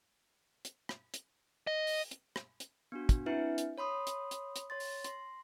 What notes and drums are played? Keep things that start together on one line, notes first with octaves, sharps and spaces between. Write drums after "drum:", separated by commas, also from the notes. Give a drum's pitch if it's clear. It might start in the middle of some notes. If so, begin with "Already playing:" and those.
drum: hi-hat
drum: rim click
drum: hi-hat
D#5
drum: open hi-hat
drum: hi-hat
drum: rim click
drum: hi-hat
B3 D4 F#4
drum: kick, hi-hat
C4 D4 E4 B4 E5
drum: hi-hat
C#5 B5 C6 D#6
drum: hi-hat
drum: hi-hat
drum: hi-hat
C#5 C6 A6
drum: open hi-hat
C6 A#6, drum: hi-hat